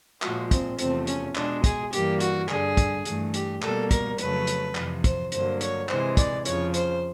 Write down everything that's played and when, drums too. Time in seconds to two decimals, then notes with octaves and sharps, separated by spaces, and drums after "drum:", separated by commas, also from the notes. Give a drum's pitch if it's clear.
0.22 A#2 F3 G#3 F#4, drum: clap
0.51 C4, drum: kick, hi-hat
0.79 E2 C3 F3 A3 C4, drum: hi-hat
1.07 C#4, drum: hi-hat
1.35 B2 G#3 D4, drum: clap
1.64 G#4, drum: kick, hi-hat
1.93 G2 E3 G3 A#3 G4, drum: hi-hat
2.20 F#4, drum: hi-hat
2.49 G2 D3 G3 G#4, drum: clap
2.77 drum: kick, hi-hat
3.05 G2 E3 A3, drum: hi-hat
3.34 G4, drum: hi-hat
3.62 B2 G3 A#3 A4, drum: clap
3.91 A#4, drum: kick, hi-hat
4.18 F2 C#3 F#3 A3 B4, drum: hi-hat
4.47 drum: hi-hat
4.75 F2 C3 E3, drum: clap
5.04 C5, drum: kick, hi-hat
5.32 G2 D3 F#3 A#3 C5, drum: hi-hat
5.61 C#5, drum: hi-hat
5.89 C3 E3 G#3 C5, drum: clap
6.17 D5, drum: kick, hi-hat
6.45 F2 C#3 F3 C#5, drum: hi-hat
6.74 C5, drum: hi-hat